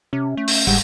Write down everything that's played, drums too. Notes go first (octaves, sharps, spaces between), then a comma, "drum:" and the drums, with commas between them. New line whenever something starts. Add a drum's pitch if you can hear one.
C3 C#4
A3
drum: open hi-hat
F#1 G#2 G3 F#5, drum: open hi-hat